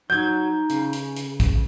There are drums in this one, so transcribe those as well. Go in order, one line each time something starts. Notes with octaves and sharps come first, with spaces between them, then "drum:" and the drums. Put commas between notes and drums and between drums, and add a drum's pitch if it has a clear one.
F#3 D#4 G6 G#6
C#3, drum: hi-hat
drum: hi-hat
drum: hi-hat
drum: kick, hi-hat